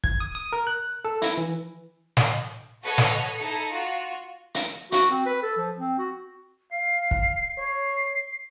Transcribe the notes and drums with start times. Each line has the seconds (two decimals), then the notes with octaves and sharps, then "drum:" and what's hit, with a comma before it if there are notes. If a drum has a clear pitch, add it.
0.04 G#6, drum: kick
0.20 D#6
0.35 D#6
0.53 A#4
0.67 F#6
1.05 A4
1.22 E4, drum: hi-hat
1.38 E3
2.17 drum: snare
2.82 F#4 A4 B4 C#5 D#5 F#5
2.98 drum: snare
3.35 D#4 E4 A4 C#7
3.70 F4 F#4
4.54 drum: hi-hat
4.92 F#4, drum: hi-hat
5.11 C4
5.26 B4
5.42 A4
5.57 F3
5.78 C4
5.98 F#4
6.72 F5 C7
7.11 drum: kick
7.57 C#5 C7